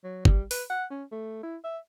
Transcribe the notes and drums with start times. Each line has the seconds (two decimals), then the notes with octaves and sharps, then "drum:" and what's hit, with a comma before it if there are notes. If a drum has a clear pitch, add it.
0.04 F#3
0.25 G3, drum: kick
0.51 B4, drum: open hi-hat
0.70 F#5
0.91 C#4
1.11 A3
1.43 E4
1.64 E5